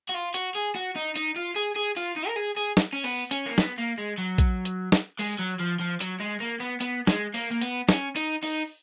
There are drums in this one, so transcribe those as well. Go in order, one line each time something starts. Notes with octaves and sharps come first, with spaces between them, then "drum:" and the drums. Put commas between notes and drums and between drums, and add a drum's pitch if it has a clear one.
F#4
F4
F#4, drum: hi-hat
G#4
F#4
D#4
D#4, drum: hi-hat
F4
G#4
G#4
F4, drum: open hi-hat
D#4
A#4
G#4
G#4
drum: snare
C#4
B3, drum: open hi-hat
C#4, drum: hi-hat
A#3
B3, drum: snare
A#3
G#3
F#3
drum: kick A#1, hi-hat
drum: hi-hat
drum: snare
G#3, drum: open hi-hat
F#3
F3
F3
F#3, drum: hi-hat
G#3
A#3
B3
B3, drum: hi-hat
G#3, drum: snare
A#3, drum: open hi-hat
A#3
B3, drum: hi-hat
C#4, drum: snare
D#4, drum: hi-hat
D#4, drum: open hi-hat